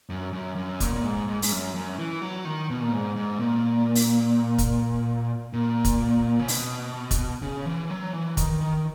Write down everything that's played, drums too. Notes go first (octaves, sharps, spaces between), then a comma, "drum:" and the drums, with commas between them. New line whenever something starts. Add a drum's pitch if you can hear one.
F#2
F#2
F#2
A#2, drum: kick, hi-hat
A#2
G#2
G#2
G#2, drum: open hi-hat
F#2
F#2
E3
F#3
D#3
B2
A#2
G#2
G#2
A#2
drum: open hi-hat
drum: kick, hi-hat
A#2
drum: kick, hi-hat
C#3
B2, drum: open hi-hat
drum: kick, hi-hat
C#3
E3
F#3
E3
D#3, drum: kick, hi-hat
D#3